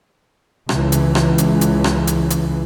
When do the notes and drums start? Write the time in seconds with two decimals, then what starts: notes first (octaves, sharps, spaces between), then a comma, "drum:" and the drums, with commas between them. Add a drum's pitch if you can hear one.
0.69 C#2 E3, drum: rim click
0.92 drum: hi-hat
1.15 drum: rim click
1.38 drum: hi-hat
1.61 drum: hi-hat
1.84 drum: rim click
2.07 drum: hi-hat
2.30 drum: hi-hat